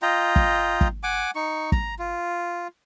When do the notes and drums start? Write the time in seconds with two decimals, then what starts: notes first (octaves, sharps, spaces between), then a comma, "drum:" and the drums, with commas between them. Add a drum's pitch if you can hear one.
0.02 F4 D#5 G5 A#5
0.36 drum: kick
0.81 drum: kick
1.03 F#5 G#5 D6
1.35 D#4 C#6
1.72 A#5, drum: kick
1.99 F4